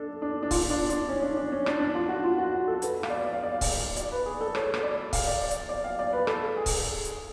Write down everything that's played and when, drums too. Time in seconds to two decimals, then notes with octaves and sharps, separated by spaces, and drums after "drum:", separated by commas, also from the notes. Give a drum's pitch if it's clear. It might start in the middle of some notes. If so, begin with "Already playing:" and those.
Already playing: D4 A4
0.22 D4
0.43 D4
0.51 F4, drum: kick C#1, open hi-hat
0.70 D4
0.90 D4, drum: hi-hat
1.09 C#4
1.22 D4
1.37 D4
1.52 C#4
1.66 D4, drum: rim click
1.80 D4
1.95 F4
2.09 F#4
2.24 F4
2.38 F#4
2.52 F#4
2.68 A4
2.82 B4, drum: hi-hat
3.03 F5, drum: rim click
3.10 D5
3.25 D5
3.33 F5
3.43 D5
3.53 F5
3.61 D5, drum: kick C#1, open hi-hat
3.96 D5, drum: hi-hat
4.12 B4
4.26 G#4
4.41 A4
4.55 C#5, drum: rim click
4.74 drum: rim click
4.83 D5
5.13 F5, drum: kick C#1, open hi-hat
5.27 D5
5.42 D5
5.51 drum: hi-hat
5.69 D5
5.84 F5
5.99 D5
6.13 B4
6.27 A4, drum: rim click
6.57 G#4
6.66 drum: kick C#1, open hi-hat
7.04 drum: hi-hat